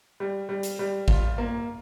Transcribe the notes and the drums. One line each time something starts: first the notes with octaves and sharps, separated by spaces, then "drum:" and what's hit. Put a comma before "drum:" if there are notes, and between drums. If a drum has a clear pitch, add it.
G3
G3
drum: hi-hat
G3
F4, drum: kick
A#3